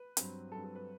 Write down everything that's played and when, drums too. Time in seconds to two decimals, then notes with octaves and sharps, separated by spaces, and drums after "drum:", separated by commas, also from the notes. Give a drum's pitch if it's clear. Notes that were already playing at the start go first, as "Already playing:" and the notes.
Already playing: B4
0.17 G2 F#3 C4, drum: hi-hat
0.52 G2 F#3 C4 A4
0.64 A4
0.76 B4